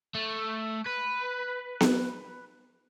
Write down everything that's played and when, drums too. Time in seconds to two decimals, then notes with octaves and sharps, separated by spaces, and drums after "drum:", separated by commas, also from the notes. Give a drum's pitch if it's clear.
0.15 A3
0.86 B4
1.81 drum: snare B3